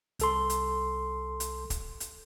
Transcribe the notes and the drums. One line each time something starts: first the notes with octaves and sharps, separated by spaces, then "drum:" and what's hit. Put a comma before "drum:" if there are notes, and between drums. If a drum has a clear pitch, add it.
C2 A4 C6, drum: hi-hat
drum: hi-hat
drum: hi-hat
drum: kick, hi-hat
drum: hi-hat